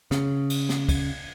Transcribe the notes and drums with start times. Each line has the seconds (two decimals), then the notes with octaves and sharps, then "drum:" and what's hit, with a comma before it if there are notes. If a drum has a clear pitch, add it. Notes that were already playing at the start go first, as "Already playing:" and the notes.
0.11 C#3, drum: snare
0.50 drum: cymbal
0.69 drum: snare
0.89 drum: kick, cymbal